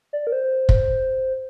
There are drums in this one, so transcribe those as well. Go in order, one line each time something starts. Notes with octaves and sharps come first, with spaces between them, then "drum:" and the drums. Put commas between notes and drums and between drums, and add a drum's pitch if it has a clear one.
D5
A#4
C5
drum: kick